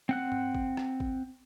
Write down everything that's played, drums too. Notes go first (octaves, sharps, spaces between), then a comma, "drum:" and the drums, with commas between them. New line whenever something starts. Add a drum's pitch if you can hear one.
C4 F#5 F#6
drum: tom G2
drum: kick G#1
drum: rim click
drum: kick G#1